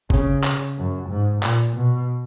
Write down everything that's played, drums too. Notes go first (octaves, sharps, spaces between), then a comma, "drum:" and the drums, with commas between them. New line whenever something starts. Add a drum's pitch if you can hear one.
C#3, drum: kick F#1
drum: clap
F#2
G#2
A#2, drum: clap
B2